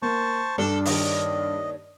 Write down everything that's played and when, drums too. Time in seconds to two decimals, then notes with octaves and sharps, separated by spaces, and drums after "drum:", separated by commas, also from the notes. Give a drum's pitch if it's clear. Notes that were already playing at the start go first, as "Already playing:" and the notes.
0.02 A#3 C5 A5 C#6
0.58 G2 D4 A4
0.85 D#2 D5 D#5, drum: open hi-hat